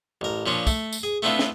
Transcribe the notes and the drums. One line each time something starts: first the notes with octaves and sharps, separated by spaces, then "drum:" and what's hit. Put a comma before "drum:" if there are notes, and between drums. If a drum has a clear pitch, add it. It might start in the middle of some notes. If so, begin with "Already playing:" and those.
A1 A#4
A#2 F3 C#4 D4
A3, drum: kick, tambourine
drum: tambourine
G#4
A3 B3 C4 D4 E4 F4
drum: snare